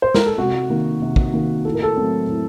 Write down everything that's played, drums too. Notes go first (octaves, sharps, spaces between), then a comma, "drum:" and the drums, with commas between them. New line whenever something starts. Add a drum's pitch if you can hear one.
C5
A#4, drum: snare
A4
C3 F#4
D#3 A#3
C3
drum: kick
D#3 A#3
A2 A4
A#4
A4
F#3 A3 C4
A2